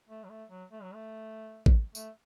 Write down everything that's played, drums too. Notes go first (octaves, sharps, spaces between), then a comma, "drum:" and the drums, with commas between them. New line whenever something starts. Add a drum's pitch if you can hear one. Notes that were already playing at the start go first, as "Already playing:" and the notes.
A3
F#3
A3
F#3
A3
F#3
A3
drum: kick A1
A3, drum: tambourine